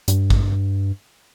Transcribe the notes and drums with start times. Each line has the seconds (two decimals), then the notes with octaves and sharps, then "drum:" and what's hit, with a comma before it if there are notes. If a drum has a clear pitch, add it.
0.08 G2, drum: hi-hat
0.30 drum: kick G#1